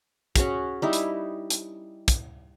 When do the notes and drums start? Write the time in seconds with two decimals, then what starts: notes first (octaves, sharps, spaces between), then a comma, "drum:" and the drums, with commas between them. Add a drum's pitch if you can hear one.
0.36 C#4 F#4 G#4, drum: kick, hi-hat
0.82 G3 D#4 E4
0.93 drum: hi-hat
1.50 drum: hi-hat
2.08 drum: kick, hi-hat